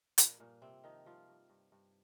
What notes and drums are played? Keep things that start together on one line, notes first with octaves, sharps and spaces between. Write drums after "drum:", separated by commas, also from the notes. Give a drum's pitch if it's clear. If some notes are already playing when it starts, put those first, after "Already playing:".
A#2 F3 A#3, drum: hi-hat
G2 A#2 A#3
G2 C3 C4
D#3 F3 D#4
G2 F3 F4
G2
G2
G2